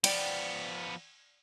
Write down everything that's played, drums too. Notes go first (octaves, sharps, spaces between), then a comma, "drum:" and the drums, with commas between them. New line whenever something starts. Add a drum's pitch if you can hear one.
F3 B3 D5 G5, drum: cymbal